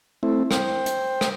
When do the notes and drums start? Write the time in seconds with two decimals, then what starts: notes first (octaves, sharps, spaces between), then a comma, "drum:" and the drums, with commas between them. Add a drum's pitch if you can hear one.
0.23 A3 C4 E4
0.51 C5 G5, drum: rim click
0.86 drum: hi-hat
1.21 drum: rim click